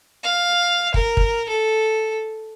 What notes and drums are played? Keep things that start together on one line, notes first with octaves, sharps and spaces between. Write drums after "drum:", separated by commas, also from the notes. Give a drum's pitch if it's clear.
F5
A#4, drum: kick
drum: kick
A4